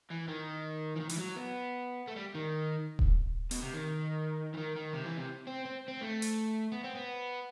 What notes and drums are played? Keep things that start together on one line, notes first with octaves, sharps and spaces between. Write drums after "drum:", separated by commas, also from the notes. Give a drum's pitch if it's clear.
E3
D#3
E3
D#3
E3, drum: hi-hat
F#3
B3
A3
G3
D#3
drum: kick D#1
B2, drum: hi-hat
C3
D#3
E3
D#3
D#3
C3
E3
C3
C4
C4
C4
A3
drum: hi-hat
B3
C4
B3